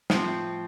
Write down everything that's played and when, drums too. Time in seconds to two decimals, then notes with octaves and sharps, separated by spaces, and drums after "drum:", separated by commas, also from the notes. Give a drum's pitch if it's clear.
0.10 A2 F3 C4, drum: snare